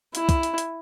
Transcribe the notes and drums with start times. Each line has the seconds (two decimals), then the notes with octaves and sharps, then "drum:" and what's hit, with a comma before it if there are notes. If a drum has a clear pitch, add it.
0.15 E4, drum: hi-hat
0.29 drum: kick, hi-hat
0.43 drum: hi-hat
0.58 drum: hi-hat